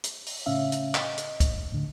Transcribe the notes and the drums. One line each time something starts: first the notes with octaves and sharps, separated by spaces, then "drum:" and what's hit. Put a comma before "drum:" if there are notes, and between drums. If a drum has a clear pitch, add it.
drum: hi-hat
drum: open hi-hat
A2 C#3 C#4 E5 F5
drum: hi-hat
D#5, drum: clap
drum: hi-hat
drum: kick, hi-hat
A2 D3